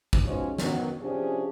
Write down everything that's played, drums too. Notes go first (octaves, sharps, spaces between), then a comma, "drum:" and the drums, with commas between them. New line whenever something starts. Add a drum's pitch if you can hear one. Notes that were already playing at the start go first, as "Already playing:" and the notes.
drum: kick
B2 F3 G#3 C#4 D#4 C#5
D#3 F#3 B3, drum: snare
C3 F3 C#4 D4 G4 G#4